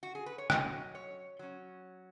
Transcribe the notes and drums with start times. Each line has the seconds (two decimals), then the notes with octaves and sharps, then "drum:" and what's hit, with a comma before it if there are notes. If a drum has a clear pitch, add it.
0.03 F#4
0.15 G#4
0.26 B4
0.38 C#5
0.50 F#3 C#4 D#5, drum: rim click
0.95 C#5
1.39 F#3 C#4